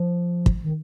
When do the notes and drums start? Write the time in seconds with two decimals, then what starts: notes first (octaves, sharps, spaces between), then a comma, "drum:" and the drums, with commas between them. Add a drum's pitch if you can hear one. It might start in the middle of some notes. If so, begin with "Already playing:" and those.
Already playing: F3
0.46 drum: kick
0.64 D#3